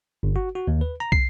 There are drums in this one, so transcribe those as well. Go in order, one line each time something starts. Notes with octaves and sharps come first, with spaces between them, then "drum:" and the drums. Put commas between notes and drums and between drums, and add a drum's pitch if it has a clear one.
G1
F#4
F#4
D#2
B4
A#5
C7, drum: kick